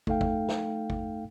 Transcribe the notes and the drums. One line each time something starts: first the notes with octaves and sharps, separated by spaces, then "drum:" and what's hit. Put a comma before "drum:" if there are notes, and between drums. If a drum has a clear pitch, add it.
A3 D#4 A4 F5 G5, drum: kick
drum: kick
drum: snare
drum: kick